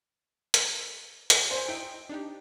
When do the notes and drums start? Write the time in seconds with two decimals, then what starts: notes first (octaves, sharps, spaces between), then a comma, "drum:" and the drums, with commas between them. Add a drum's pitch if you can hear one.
0.54 drum: hi-hat
1.30 drum: hi-hat
1.51 C5 G#5
1.68 D#4 E4 G5 D7
2.09 D4 D#4 G4